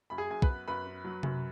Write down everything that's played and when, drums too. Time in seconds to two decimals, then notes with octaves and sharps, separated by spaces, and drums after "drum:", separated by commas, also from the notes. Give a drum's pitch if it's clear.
0.10 F#2 B5
0.18 G#4 G#5
0.30 F#2 G#5
0.42 B4 B5, drum: kick
0.50 B3
0.68 F#2 B4 B5
0.86 B3
1.05 F#3
1.23 F#2, drum: tom C3